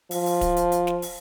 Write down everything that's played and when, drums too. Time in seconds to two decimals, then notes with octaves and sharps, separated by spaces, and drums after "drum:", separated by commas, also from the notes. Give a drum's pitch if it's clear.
0.11 F3, drum: open hi-hat
0.26 drum: open hi-hat
0.41 drum: kick, hi-hat
0.57 drum: hi-hat
0.72 drum: hi-hat
0.87 drum: snare
1.02 drum: open hi-hat